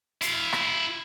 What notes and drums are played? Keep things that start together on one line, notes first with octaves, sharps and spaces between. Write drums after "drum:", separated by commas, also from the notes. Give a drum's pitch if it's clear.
E4 F5, drum: hi-hat
drum: rim click